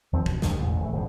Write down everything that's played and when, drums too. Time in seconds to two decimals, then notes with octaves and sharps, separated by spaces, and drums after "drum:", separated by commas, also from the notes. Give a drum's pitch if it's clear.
0.13 D#2 F3 C4
0.26 B2, drum: kick
0.42 D2 G2 C3 D#3, drum: snare
0.59 E1 A1 E2 D3
0.80 D1 E3 F#3 A3
0.92 D#1 G#1 G2 B2